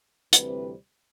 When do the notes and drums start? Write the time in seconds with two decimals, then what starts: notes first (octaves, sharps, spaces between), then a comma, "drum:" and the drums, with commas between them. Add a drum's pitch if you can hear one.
0.33 D2 C3 E3 G3 C4 B4, drum: hi-hat